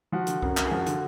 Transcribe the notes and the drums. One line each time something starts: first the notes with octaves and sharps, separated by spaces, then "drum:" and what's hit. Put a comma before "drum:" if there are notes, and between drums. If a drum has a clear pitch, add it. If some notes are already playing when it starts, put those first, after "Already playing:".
F3 F#4
D3, drum: hi-hat
F#2, drum: kick C2
F#2, drum: clap
G#4
F3 F#4
D3, drum: hi-hat